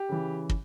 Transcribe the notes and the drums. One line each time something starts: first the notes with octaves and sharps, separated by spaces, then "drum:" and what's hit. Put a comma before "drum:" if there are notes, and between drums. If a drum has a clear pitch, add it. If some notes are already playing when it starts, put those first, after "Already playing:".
Already playing: G4
C#3 E3
drum: kick